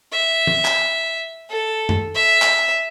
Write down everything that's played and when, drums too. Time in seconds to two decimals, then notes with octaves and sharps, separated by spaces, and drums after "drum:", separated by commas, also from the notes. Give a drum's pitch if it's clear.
0.12 E5
0.47 drum: tom
0.65 drum: clap
1.49 A4
1.89 drum: tom F#2
2.15 E5
2.42 drum: clap